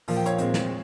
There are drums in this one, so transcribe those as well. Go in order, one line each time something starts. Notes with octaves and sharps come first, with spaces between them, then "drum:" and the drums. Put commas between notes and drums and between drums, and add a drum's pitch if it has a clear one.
A#2 F3 A#3 F5, drum: open hi-hat
G5
C#5 F5, drum: hi-hat
A#2 G#3 C4, drum: hi-hat
drum: snare